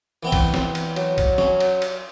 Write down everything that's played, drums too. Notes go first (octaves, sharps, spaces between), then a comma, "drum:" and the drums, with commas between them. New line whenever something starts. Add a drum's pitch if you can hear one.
E3 B3 C4
drum: kick A#1, cymbal
drum: snare
drum: cymbal
F#3, drum: cymbal
drum: kick A#1, cymbal
C#4, drum: snare
drum: cymbal
drum: cymbal